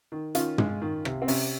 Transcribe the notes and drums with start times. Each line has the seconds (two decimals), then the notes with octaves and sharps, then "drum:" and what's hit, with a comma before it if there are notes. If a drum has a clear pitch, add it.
0.12 D#3
0.35 D#3 C#4 F4, drum: hi-hat
0.58 G#3, drum: tom
0.82 D#3
1.05 C3, drum: rim click
1.22 C4
1.28 C3 C#4, drum: open hi-hat